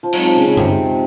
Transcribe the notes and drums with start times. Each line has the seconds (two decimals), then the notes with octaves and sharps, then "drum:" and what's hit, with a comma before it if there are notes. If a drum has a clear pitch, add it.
0.03 F3
0.13 F#3 G#3 C4 D#4 G#4 D#5, drum: cymbal
0.25 F3
0.35 C#3
0.46 C#3
0.57 C3, drum: tom F#2